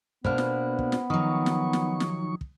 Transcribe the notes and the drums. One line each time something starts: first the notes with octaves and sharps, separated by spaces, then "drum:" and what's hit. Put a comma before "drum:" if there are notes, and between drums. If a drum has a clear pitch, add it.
B2 A#3 B3 D4 C5 F6, drum: kick
drum: snare
drum: kick
drum: snare
D#3 F3 F#3 D#4 C#6 D#6
drum: snare
drum: snare
drum: snare
drum: kick